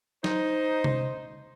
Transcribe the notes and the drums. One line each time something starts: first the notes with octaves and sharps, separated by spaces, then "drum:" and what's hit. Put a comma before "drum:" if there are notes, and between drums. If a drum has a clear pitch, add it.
D#4 C5, drum: snare
drum: tom C3